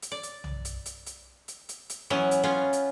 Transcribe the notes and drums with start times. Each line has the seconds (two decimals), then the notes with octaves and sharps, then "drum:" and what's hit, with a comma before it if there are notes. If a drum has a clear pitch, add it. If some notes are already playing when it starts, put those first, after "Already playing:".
0.02 drum: hi-hat
0.12 D5
0.23 drum: hi-hat
0.44 drum: tom B1
0.65 drum: hi-hat
0.86 drum: hi-hat
1.06 drum: hi-hat
1.48 drum: hi-hat
1.69 drum: hi-hat
1.90 drum: hi-hat
2.10 E3 F#3 B3 C#4
2.31 drum: hi-hat
2.44 B3 C#4 F4
2.73 drum: hi-hat